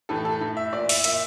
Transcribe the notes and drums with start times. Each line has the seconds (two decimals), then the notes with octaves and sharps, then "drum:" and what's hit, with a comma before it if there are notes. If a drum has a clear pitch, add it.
0.09 A2 E3 A4
0.25 A4
0.41 A2 E3
0.57 E5
0.73 A#2 D5
0.89 E5, drum: open hi-hat
1.04 A#2 E5, drum: hi-hat